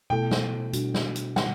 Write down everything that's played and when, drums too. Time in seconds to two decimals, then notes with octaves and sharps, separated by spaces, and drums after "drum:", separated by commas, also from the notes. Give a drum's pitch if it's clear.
0.10 B2 A3 E4 A4 G5
0.31 drum: snare
0.73 B2 G3 D4 F#4, drum: hi-hat
0.94 drum: snare
1.16 drum: hi-hat
1.36 D3 G3 B3 F#5, drum: snare